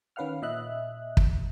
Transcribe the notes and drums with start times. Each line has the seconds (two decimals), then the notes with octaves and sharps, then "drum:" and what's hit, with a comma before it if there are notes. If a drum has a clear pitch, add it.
0.16 D#3 C#4 B4 F5 F#5 F6
0.42 A#2 D#5 E5 F#6
1.17 drum: kick